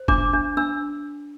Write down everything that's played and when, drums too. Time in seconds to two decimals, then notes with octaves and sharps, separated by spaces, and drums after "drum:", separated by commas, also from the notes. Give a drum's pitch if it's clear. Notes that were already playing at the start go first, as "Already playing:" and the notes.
Already playing: C5
0.08 D4 D6, drum: kick F#1
0.33 D4
0.57 D4 E6